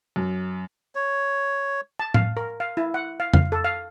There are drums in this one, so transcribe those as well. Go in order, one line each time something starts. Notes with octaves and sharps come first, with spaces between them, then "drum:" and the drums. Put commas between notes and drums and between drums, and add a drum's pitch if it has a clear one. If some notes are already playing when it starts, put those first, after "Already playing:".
F#2
C#5
A5
F5, drum: tom A2
A#4
F5
E4
F#5
F5
F5, drum: tom
A4
F5